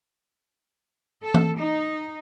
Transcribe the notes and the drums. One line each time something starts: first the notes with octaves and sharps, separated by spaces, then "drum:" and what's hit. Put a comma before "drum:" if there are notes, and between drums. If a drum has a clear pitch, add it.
A4
drum: tom E3
D#4